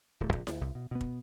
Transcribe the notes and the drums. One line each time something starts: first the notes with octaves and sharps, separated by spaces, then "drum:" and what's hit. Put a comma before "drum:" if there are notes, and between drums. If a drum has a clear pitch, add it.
D1 A3
A#1 C3, drum: kick
D2, drum: snare E4
C2
B2
B2 B3
drum: kick